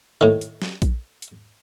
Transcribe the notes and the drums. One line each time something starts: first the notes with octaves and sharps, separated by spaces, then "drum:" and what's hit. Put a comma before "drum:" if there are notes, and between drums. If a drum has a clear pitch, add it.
A2 D#3
drum: hi-hat
drum: snare
drum: kick A#1, hi-hat
drum: hi-hat